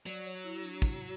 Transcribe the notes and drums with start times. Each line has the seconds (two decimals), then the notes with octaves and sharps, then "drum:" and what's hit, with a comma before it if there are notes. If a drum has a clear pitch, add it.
0.06 F#3 D5, drum: tambourine
0.26 C#5
0.44 E4
0.63 D4
0.82 E4, drum: kick, tambourine
1.01 F#4